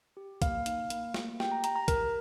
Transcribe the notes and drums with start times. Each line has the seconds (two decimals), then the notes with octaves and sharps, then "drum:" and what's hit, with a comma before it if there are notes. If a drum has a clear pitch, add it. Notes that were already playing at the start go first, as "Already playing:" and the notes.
0.17 G4
0.42 A#3 F5, drum: kick, hi-hat
0.66 D#4, drum: hi-hat
0.90 A#3, drum: hi-hat
1.14 A#3, drum: snare
1.40 G4 G5, drum: snare
1.52 A#5
1.64 G4 A#5, drum: hi-hat
1.76 A#5
1.88 G4 A#4, drum: kick, hi-hat